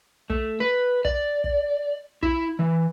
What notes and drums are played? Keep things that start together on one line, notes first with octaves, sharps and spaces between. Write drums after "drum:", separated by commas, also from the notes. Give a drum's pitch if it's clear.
A3, drum: kick
B4
D5, drum: kick
drum: kick
E4, drum: kick
E3